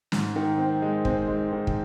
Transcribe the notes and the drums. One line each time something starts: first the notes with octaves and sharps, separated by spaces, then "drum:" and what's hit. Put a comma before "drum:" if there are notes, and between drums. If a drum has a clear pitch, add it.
G#2, drum: snare
D#3
C4
G#3
C4, drum: kick
G#3
D#3
drum: kick